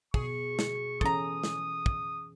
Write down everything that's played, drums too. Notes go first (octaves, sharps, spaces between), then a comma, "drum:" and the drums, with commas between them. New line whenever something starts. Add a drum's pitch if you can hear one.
B2 G#4 C#6, drum: kick
drum: snare
E3 C#4 A4 A#5 D#6, drum: kick
drum: snare
drum: kick